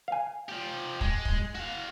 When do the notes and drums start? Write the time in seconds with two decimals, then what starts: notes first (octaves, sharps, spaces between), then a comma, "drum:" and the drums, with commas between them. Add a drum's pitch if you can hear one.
0.08 F5 G#5
0.49 F3 G4
1.01 G#3, drum: kick
1.25 drum: kick
1.55 F#4 F5